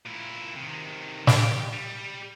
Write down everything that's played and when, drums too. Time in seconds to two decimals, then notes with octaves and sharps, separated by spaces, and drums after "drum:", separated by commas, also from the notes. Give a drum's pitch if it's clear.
0.06 A#2 E4
0.56 C3 D#3
1.27 G4, drum: snare
1.73 G3